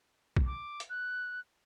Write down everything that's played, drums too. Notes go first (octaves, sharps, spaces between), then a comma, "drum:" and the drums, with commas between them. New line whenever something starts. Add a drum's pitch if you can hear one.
drum: kick
D6
drum: hi-hat
F#6